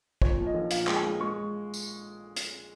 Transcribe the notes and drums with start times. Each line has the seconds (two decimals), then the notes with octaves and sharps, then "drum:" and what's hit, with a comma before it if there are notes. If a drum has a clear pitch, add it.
0.22 A#2 C#5, drum: kick
0.38 F3
0.46 D#5
0.54 A#1
0.71 A#2 F5, drum: hi-hat
0.87 G#3, drum: clap
0.96 G#5
1.04 G#3
1.20 G#3 C#6
1.74 drum: tambourine
2.37 drum: hi-hat